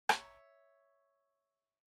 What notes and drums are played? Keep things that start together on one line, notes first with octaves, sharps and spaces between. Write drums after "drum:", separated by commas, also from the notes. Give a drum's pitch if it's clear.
C#5 E5, drum: rim click